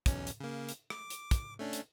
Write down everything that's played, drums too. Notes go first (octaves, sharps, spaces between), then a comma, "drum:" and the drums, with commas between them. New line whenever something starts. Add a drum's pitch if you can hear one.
B1 E2 C#4, drum: kick, hi-hat
drum: hi-hat
C#3 A#3
drum: hi-hat
D6, drum: rim click
drum: hi-hat
drum: kick, hi-hat
A3 C#4 D4
drum: hi-hat